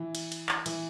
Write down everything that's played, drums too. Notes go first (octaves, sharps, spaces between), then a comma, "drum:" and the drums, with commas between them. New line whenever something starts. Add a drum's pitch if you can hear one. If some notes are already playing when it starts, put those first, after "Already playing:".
Already playing: E3
drum: cymbal
drum: cymbal
drum: clap
E3, drum: cymbal